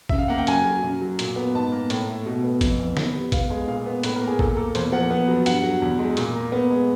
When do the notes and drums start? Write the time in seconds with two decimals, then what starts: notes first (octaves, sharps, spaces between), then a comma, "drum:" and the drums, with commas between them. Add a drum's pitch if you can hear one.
0.09 C#3 E5, drum: kick
0.18 F5
0.28 A#3 F#5
0.38 G5
0.47 F#2 G#5, drum: hi-hat
0.66 F#3
0.83 F#2
1.01 F#3
1.19 A#2, drum: hi-hat
1.36 B3
1.54 G#2 A5
1.72 A#3
1.90 A2, drum: hi-hat
2.07 A3
2.26 B2
2.43 B3
2.61 F2, drum: kick, hi-hat
2.79 E3
2.97 B3, drum: snare
3.15 G3
3.32 B3 F5, drum: kick, hi-hat
3.50 G#3
3.68 A#2 F5
3.86 B3
4.03 A2 B4, drum: hi-hat
4.15 A#4
4.22 A#3
4.28 G#4
4.39 A#2 A4, drum: kick
4.57 A#3 A4
4.75 E2 C5, drum: hi-hat
4.92 F3 F#5
5.10 B3 F#5
5.28 F#3
5.46 G2 F#5, drum: hi-hat
5.64 F#3
5.82 E2
5.99 G#3
6.17 A#2, drum: hi-hat
6.35 A#3
6.52 B3
6.71 G#3